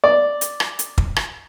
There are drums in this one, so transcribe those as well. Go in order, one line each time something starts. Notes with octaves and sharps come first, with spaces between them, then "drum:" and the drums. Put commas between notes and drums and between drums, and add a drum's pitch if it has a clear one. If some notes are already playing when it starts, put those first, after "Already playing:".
D5
drum: hi-hat
drum: rim click
drum: hi-hat
drum: kick
drum: rim click